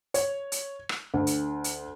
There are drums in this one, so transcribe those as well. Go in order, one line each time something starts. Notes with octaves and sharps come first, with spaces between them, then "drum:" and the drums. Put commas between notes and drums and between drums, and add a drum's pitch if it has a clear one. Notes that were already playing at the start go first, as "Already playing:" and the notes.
C#5, drum: hi-hat
drum: hi-hat
drum: rim click
D2
drum: hi-hat
drum: hi-hat